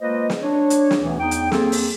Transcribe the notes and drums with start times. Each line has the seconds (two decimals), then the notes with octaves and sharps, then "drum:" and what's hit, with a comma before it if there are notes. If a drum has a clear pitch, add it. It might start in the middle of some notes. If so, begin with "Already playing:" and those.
0.01 G#3 A#3 F4 B4 C5 D#5
0.30 drum: snare
0.43 D4 C#5
0.70 drum: hi-hat
0.91 drum: snare
1.01 D2 B2 E3 B3
1.20 E2 D#4 G5
1.31 drum: hi-hat
1.52 A#3 C4 G#4 A4, drum: snare
1.72 drum: open hi-hat